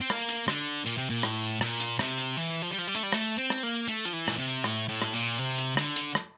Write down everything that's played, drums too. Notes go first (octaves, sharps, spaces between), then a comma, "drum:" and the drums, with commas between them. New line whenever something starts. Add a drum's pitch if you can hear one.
C4
A#3, drum: rim click
drum: hi-hat
D3, drum: rim click
A#2, drum: hi-hat
C3
A#2
A2, drum: rim click
A#2, drum: rim click
drum: hi-hat
C3, drum: rim click
drum: hi-hat
E3
F3
G3
F3
G3
A3, drum: hi-hat
G3
A3, drum: rim click
C4
drum: rim click
A#3
A3, drum: hi-hat
F3, drum: hi-hat
E3
A#2, drum: rim click
C3
A2, drum: rim click
A2
drum: rim click
A#2
C3
drum: hi-hat
D3, drum: rim click
drum: hi-hat
drum: rim click